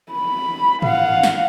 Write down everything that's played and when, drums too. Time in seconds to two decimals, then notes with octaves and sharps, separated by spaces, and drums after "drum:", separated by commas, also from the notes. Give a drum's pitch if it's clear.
0.13 B5
0.82 F5 F#5, drum: tom G#2
1.23 drum: snare